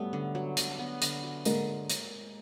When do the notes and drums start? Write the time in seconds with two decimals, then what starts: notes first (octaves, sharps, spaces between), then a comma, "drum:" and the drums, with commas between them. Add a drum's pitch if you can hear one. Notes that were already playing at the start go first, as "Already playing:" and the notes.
Already playing: F#3 G3 A3 B3
0.13 D3
0.35 F#3
0.57 D3, drum: hi-hat
0.79 B3
1.02 D3, drum: hi-hat
1.23 F#3
1.45 D3 G#3 A#3, drum: hi-hat
1.90 drum: hi-hat